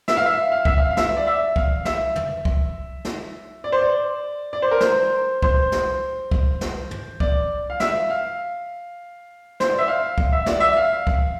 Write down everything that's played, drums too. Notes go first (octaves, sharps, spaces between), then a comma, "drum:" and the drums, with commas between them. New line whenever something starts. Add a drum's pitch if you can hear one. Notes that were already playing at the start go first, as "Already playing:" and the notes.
E5, drum: snare
F5
E5
F5
E5, drum: kick C2
F5
F5
E5, drum: snare
D5
E5
F5, drum: kick C2
E5, drum: snare
drum: tom
drum: kick C2
drum: snare
D5
C5
D5
D5
C5
A#4
C5, drum: snare
C5, drum: kick C2
drum: snare
drum: kick C2
drum: snare
drum: tom
D5, drum: kick C2
F5
E5, drum: snare
F5
C5, drum: snare
D5
E5
F5
drum: kick C2
E5
D5, drum: snare
E5
F5
drum: kick C2